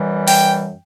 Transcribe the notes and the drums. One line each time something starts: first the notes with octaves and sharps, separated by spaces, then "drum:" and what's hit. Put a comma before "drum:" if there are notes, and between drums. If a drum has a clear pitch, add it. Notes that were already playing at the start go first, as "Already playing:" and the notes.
Already playing: F#2 E3 G3
G5, drum: open hi-hat